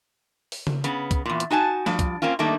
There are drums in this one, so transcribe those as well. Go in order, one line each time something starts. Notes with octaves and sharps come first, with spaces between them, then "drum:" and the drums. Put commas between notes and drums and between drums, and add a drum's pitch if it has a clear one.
drum: open hi-hat
drum: tom C#3
C#3 B3, drum: hi-hat
drum: kick, hi-hat
E2 A#2
drum: hi-hat
D#4 F#4 G#5 A5
G2 F3 D5, drum: snare
drum: kick, hi-hat
A#3 C4 C#4 F4
D#3 G3 A3 A#3 D4 D#4